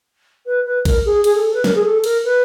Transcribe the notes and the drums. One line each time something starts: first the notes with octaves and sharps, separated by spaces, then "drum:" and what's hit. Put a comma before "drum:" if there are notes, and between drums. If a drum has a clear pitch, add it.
B4
B4
A#4, drum: kick A1, cymbal
G#4
G#4, drum: cymbal
A4
B4
A#4, drum: snare
G#4
A4
A#4, drum: cymbal
B4